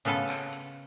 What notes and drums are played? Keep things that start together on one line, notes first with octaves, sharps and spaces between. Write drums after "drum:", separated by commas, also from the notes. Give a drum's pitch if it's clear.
C#3 B3 F4 A4 G#5, drum: hi-hat
drum: clap
drum: hi-hat